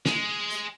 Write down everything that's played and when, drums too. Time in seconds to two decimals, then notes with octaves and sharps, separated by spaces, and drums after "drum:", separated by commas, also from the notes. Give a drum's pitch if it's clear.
0.06 G#3, drum: snare
0.50 drum: hi-hat